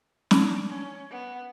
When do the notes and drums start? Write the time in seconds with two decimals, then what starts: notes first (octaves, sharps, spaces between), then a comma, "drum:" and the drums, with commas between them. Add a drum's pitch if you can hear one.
0.31 D4, drum: snare
0.70 C#4
1.11 B3